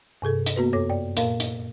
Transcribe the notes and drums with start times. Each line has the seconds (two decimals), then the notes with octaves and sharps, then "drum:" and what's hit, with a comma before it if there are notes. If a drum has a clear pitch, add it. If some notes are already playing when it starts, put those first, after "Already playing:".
0.22 G2 C3 G#4 A4
0.46 drum: hi-hat
0.56 A#3 B3 F#4 B4
0.73 F#2 A4 C#5 D6 A#6
0.90 D5 G5
1.17 A#2 A#3 A#4 F5, drum: hi-hat
1.40 drum: hi-hat